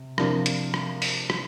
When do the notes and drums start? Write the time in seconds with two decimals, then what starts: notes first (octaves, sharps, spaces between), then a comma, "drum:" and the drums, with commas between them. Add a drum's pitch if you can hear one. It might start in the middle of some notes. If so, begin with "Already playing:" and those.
Already playing: C3
0.18 C3 F3 D4 F4 A#4, drum: rim click
0.46 drum: hi-hat
0.74 drum: rim click
1.02 drum: open hi-hat
1.30 drum: rim click